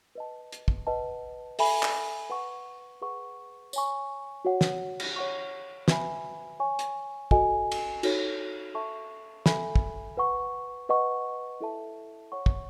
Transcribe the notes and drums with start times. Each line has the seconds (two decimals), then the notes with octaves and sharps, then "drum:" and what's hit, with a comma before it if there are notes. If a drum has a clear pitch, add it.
0.15 B4 D#5 A5
0.52 drum: hi-hat
0.68 drum: kick
0.87 B4 D#5 F#5 A5
1.59 A4 E5 G#5 B5, drum: open hi-hat
1.83 drum: clap
2.30 B4 F#5 C#6
3.02 G#4 B4 F#5 C#6
3.73 C#5 G#5 C#6, drum: tambourine
4.45 F#4 C#5 F#5
4.61 drum: snare
5.00 drum: cymbal
5.16 C#5 F#5 C#6
5.88 F#4 B4 E5 G#5 B5, drum: snare
6.60 C#5 G#5 C#6
6.79 drum: hi-hat
7.31 F#4 A4 D#5 G#5, drum: kick
7.72 drum: cymbal
8.03 D#4 F#4 A4 C#5, drum: cymbal
8.74 A4 E5 A5 C#6
9.46 A4 E5 G#5 B5, drum: snare
9.76 drum: kick
10.17 B4 F#5 C#6
10.89 B4 D#5 F#5 C#6
11.60 E4 A4 E5 A5
12.32 C#5 F#5 C#6
12.46 drum: kick